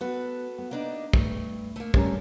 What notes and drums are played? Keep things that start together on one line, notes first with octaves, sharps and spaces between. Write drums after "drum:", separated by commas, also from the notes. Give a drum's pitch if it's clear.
B3 F#4 A4 B4
B3
A#3 D4 D#4
G2 A3, drum: kick
A3 A#3
G3 C#4 A#4, drum: kick